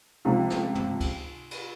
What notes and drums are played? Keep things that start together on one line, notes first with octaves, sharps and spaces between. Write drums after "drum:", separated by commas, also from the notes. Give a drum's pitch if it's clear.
C#2 C3 F3
drum: snare
drum: tom
drum: kick C#2, cymbal
drum: cymbal